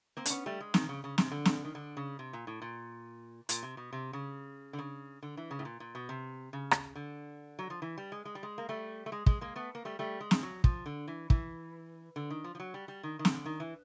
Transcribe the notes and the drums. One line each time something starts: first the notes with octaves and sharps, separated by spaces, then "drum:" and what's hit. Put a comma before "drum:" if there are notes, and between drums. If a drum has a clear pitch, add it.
A#3 C4
D4, drum: hi-hat
B3 C#4
G3 A3
G#3
D#3, drum: snare
C#3
C#3
C3, drum: snare
D3
drum: snare
D#3
D3
C#3
C3
A#2
A2
A#2
A#2, drum: hi-hat
C3
B2
C3
C#3
D3
C#3
D3
E3
C#3
A2
A#2
A#2
B2
C3
C#3
drum: rim click
D3
F#3
F3
E3
G3
G#3
G#3
G3
G#3
A#3
G3 A3
A3
G#3
G#3, drum: kick
G#3 A#3
A3 B3
A#3
G3 A3
G3 A3
G#3
drum: snare
F#3
F3, drum: kick
D3
E3
E3, drum: kick
D3
D#3
F3
F3
F#3
G3
G3
D#3
D#3
D3, drum: snare
D#3
E3